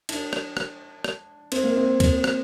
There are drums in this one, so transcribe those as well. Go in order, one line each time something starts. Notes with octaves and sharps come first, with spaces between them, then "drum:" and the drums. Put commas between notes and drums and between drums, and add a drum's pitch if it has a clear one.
D4, drum: cymbal
drum: rim click
drum: rim click
drum: rim click
C4, drum: cymbal
A#3
C4
drum: kick D2, cymbal
drum: rim click